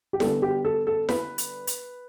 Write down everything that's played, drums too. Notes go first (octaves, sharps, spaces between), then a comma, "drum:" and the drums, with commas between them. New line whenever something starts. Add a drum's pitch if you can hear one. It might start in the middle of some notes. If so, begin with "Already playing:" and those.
G4
D3 G3 B3 D4 A4, drum: snare E4
G4
A4
A4
B4, drum: snare E4
drum: hi-hat
drum: hi-hat